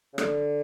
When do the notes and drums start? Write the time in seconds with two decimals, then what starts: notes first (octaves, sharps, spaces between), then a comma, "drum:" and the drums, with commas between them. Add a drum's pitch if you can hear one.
0.13 C#3
0.18 D3, drum: rim click